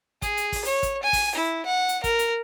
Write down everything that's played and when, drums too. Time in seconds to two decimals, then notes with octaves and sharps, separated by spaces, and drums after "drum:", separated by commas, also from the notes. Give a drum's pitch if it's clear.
0.22 G#4, drum: kick, hi-hat
0.37 drum: hi-hat
0.52 drum: kick, open hi-hat
0.65 C#5, drum: hi-hat
0.83 drum: kick, hi-hat
1.03 G#5
1.13 drum: kick, open hi-hat
1.36 E4
1.66 F#5
1.89 drum: hi-hat
2.04 A#4, drum: kick, hi-hat
2.19 drum: hi-hat